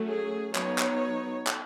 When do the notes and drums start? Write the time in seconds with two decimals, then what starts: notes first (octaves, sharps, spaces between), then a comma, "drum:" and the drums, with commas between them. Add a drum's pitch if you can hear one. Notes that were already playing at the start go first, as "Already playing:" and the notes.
Already playing: F#3 A3 C#4
0.09 G#4
0.55 F#3 B3 D#4 C#5, drum: clap
0.78 drum: clap
1.47 drum: clap